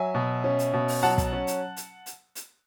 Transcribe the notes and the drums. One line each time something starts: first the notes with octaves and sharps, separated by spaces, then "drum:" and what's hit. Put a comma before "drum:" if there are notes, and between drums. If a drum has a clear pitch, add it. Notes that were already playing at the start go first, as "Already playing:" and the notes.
Already playing: F#3 E5 G#5
B2
C#4
drum: hi-hat
B2
drum: open hi-hat
F#3 F#5 A5
drum: kick, hi-hat
C#4
drum: hi-hat
drum: hi-hat
drum: hi-hat
drum: hi-hat